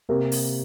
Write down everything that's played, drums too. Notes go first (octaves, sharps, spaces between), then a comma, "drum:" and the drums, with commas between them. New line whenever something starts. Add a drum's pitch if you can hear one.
C3 A#3 G4 A#4
drum: open hi-hat